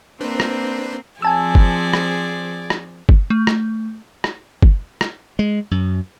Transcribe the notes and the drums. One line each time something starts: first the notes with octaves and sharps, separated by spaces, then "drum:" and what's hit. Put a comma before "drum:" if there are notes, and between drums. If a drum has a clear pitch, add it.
A#3 C4 D4 B4 C5
drum: rim click
F3 C4 G#4 D5 G#5 A5 E6
drum: kick
drum: rim click
drum: rim click
drum: kick
A3
drum: rim click
drum: rim click
drum: kick
drum: rim click
G#3
F#2